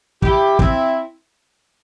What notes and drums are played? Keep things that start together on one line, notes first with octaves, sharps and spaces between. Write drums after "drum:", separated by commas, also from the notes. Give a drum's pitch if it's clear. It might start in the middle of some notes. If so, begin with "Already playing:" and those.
E4 G4, drum: kick
C4 E4, drum: kick